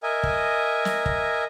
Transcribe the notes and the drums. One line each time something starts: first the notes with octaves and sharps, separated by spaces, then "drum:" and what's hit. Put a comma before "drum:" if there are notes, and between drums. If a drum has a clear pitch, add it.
A#4 D#5 E5 G#5
drum: kick
drum: snare
drum: kick